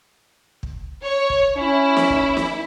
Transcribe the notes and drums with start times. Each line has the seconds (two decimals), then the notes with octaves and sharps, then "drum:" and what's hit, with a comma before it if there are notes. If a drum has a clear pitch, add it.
0.63 drum: kick
1.03 C#5
1.30 drum: kick
1.57 C#4 E4
1.97 drum: snare
2.10 drum: kick
2.37 drum: snare